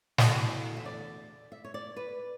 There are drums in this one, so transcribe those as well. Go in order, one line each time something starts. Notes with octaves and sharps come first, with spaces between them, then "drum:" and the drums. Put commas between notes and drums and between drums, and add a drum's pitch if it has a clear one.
E2 D3 A3 F#4, drum: snare
E5
D5
E5
C#5
D5
B4